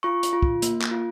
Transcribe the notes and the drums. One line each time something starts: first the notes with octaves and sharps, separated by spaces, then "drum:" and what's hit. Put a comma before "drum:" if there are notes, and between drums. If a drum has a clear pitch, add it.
F4 C#6
drum: hi-hat
F4
drum: kick
A#3, drum: hi-hat
drum: clap
F4